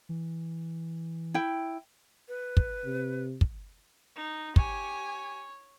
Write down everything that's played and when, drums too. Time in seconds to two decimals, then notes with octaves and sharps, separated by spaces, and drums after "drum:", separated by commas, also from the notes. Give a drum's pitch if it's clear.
0.09 E3
1.34 E4 G5
2.28 B4
2.57 drum: kick
2.85 C3
3.41 drum: kick
4.16 D#4
4.56 G4 C#5 G#5, drum: kick